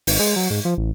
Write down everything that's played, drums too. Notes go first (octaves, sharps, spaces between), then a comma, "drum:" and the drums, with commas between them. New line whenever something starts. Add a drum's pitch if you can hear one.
G#1, drum: open hi-hat
G#3
F#3
G#2
F3
A1